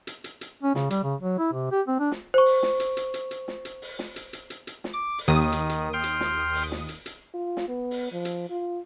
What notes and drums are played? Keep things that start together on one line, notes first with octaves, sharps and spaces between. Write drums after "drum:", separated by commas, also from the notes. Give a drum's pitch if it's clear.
drum: hi-hat
drum: hi-hat
drum: hi-hat
C#4
C#3, drum: snare
G3, drum: hi-hat
C#3
F#3
E4
C3
G4
C4
D4
drum: snare
C5 C#6
drum: open hi-hat
drum: snare
drum: hi-hat
drum: hi-hat
drum: hi-hat
drum: hi-hat
drum: snare
drum: hi-hat
drum: open hi-hat
drum: snare
drum: hi-hat
drum: hi-hat
drum: hi-hat
drum: hi-hat
drum: snare
D6
drum: open hi-hat
D#2 D#3 D#6
drum: hi-hat
drum: hi-hat
G5 C6 F6
drum: hi-hat
drum: snare
drum: open hi-hat
drum: snare
drum: hi-hat
drum: hi-hat
F4
drum: snare
B3
drum: open hi-hat
F3
drum: hi-hat
F4